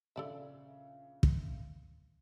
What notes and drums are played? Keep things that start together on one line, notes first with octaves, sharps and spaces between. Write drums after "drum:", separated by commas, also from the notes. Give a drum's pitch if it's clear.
A#1 C#3 A4 D5 E5
drum: kick